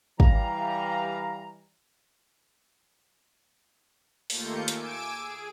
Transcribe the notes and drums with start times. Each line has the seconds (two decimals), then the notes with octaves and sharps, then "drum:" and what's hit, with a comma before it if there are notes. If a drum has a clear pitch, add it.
0.20 E3 G3 F5 A#5, drum: kick
4.30 D#2 A3 A#3 F4 G6 C#7, drum: open hi-hat
4.68 G#5 D6 E6 D7, drum: hi-hat
5.16 G#4